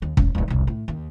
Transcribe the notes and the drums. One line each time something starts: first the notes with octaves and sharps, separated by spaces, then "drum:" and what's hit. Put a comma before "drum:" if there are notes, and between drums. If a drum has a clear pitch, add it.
D#2
E1 C#4, drum: kick
D1 D#3
E1 C2
A2
D#2